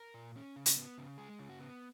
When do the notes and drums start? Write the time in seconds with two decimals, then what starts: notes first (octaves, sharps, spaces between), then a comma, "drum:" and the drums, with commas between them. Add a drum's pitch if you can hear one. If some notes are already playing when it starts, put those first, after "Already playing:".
Already playing: A#4
0.14 A#2
0.36 C#4
0.56 C#3
0.66 drum: hi-hat
0.77 B3
0.98 C#3
1.18 G#3 G#4
1.39 C#3
1.49 F#4
1.59 B3